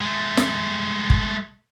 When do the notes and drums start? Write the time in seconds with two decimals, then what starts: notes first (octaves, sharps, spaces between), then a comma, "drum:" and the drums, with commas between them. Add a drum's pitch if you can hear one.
0.01 G#3 A3
0.37 drum: snare
1.10 drum: kick